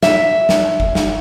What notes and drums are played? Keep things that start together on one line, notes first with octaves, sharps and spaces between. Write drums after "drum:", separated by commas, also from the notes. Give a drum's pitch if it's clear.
E5, drum: snare
drum: snare
drum: kick G1
drum: snare